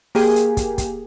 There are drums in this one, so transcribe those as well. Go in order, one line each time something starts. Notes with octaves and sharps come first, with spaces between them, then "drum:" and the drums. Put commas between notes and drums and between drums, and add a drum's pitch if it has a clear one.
A#3 G4 G#4, drum: open hi-hat
drum: hi-hat
drum: kick, hi-hat
drum: kick, hi-hat